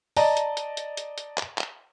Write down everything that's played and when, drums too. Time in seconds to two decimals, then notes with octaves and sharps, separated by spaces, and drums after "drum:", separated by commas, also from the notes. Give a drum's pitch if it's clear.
0.17 D5 D#5 A5 A#5, drum: open hi-hat
0.37 drum: hi-hat
0.57 drum: hi-hat
0.77 drum: hi-hat
0.97 drum: hi-hat
1.18 drum: hi-hat
1.38 drum: clap
1.58 drum: clap